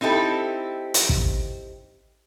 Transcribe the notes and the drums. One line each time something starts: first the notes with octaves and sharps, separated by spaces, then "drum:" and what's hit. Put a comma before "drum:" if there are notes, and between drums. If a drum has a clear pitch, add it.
C4 D#4 E4 G4 A4
drum: hi-hat
drum: kick